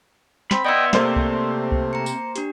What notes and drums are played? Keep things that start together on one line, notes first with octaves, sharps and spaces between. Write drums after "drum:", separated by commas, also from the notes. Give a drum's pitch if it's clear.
C4 B5, drum: snare
B3 E4 D5 D#5 G5 C6 E6
C3 A3 A#3 C5, drum: snare
drum: kick C2
drum: kick C2
A#5 C#7
drum: tambourine
D4 G4, drum: hi-hat